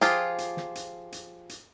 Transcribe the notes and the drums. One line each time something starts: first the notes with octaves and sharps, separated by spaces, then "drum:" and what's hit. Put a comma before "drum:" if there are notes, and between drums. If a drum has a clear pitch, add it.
F3 F4 G4 G#4, drum: hi-hat
drum: hi-hat
drum: snare
drum: hi-hat
drum: hi-hat
drum: hi-hat